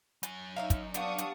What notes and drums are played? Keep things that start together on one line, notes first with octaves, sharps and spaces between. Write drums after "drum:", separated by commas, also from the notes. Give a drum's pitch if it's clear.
F#3 G#5, drum: hi-hat
D#4 C#5 E5 F5
drum: kick, hi-hat
G3 B3 D4 F5 C#6 D#6, drum: hi-hat
drum: hi-hat